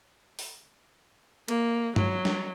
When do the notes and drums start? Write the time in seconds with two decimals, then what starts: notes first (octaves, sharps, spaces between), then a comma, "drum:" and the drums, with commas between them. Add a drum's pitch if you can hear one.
0.39 drum: open hi-hat
1.48 A#3, drum: cymbal
1.96 F#3, drum: tom G2
2.25 drum: snare